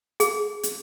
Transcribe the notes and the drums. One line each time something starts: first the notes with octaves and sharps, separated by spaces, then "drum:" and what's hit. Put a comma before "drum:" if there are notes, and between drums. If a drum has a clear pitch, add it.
G#4, drum: hi-hat
drum: hi-hat